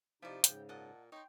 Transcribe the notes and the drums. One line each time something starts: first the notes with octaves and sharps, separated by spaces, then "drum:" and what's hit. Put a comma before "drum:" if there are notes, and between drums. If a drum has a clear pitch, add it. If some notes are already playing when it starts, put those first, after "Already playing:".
C3 F3 D#4 E4 D5
G#2 C#3 G5, drum: hi-hat
A#2 D#5 F#5 A5
D#4 C#5 G5 C6